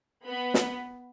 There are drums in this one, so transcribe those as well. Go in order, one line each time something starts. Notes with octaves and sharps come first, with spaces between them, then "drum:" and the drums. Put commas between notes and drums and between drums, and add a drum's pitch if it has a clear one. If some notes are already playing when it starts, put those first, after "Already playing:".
B3 B5
drum: snare